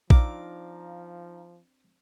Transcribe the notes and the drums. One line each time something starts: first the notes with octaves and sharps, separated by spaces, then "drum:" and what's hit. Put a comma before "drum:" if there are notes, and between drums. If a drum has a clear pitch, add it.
F3 C4 D4 D#4 F4 F5 A#5 D6, drum: kick A#1